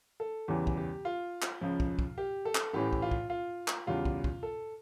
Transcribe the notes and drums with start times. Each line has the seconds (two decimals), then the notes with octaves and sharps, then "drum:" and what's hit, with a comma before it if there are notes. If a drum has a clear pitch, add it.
0.20 A4
0.48 E2 C#3 E3 G3 G4
0.67 drum: kick
0.77 G4
1.05 F4
1.42 drum: clap
1.61 C#2 C#3 F3
1.80 drum: kick
1.99 drum: kick
2.18 G4
2.45 A4
2.55 drum: clap
2.73 A1 A2 E3 G4
2.93 drum: kick
3.02 F4
3.11 drum: kick
3.30 F4
3.68 drum: clap
3.87 E2 C#3 G3 F4
4.05 drum: kick
4.24 drum: kick
4.43 A4